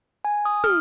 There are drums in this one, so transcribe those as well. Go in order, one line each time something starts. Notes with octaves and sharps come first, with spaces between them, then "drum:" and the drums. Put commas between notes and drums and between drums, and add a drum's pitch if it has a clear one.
G#5
D#6
F6, drum: tom